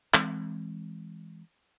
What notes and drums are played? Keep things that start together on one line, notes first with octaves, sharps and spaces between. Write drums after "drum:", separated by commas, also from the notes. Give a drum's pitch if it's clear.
E3 G#3 C4, drum: clap